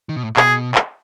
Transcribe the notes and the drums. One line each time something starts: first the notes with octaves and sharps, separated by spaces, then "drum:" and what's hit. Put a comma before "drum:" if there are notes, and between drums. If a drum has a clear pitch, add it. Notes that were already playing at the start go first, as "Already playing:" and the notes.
D#3
B2
A2
B2 G#4, drum: clap
drum: clap